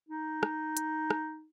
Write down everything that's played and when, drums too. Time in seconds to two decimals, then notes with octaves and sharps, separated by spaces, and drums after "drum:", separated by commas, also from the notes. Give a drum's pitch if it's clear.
0.09 D#4
0.43 drum: rim click
0.77 drum: hi-hat
1.10 drum: rim click